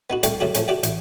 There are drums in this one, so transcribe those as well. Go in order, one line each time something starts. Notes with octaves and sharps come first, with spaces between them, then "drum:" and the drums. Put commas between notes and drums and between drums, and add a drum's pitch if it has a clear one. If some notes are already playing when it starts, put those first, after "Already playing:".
B3 D#4 F#4
C2 A3 D5 F5 G5 C#6, drum: hi-hat
F#2 C#3 A3 F#4 G#4
F3 A3 C#4 G#4, drum: hi-hat
F#4 G4 D5 E5 G5
A1, drum: hi-hat